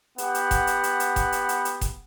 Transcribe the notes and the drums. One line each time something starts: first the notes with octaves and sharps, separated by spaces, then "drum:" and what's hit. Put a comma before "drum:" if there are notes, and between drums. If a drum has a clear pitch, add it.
B3 G4 F#5, drum: hi-hat
drum: hi-hat
drum: kick F1, hi-hat
drum: hi-hat
drum: hi-hat
drum: hi-hat
drum: kick F1, hi-hat
drum: hi-hat
drum: hi-hat
drum: hi-hat
drum: kick F1, hi-hat